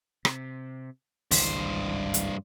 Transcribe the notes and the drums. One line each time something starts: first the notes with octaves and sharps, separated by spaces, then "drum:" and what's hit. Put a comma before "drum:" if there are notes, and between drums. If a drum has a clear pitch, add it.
C3, drum: rim click
G#1 C#2 G2 E3 C5, drum: open hi-hat
drum: hi-hat